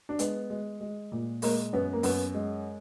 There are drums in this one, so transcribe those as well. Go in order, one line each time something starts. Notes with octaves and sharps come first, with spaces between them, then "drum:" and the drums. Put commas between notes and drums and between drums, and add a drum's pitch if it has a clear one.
D4
G#3 B3, drum: hi-hat
G#3
G#3
A#2
G#3 A#3, drum: open hi-hat
F#2 B3
A#3
F#2 B3, drum: open hi-hat
G#3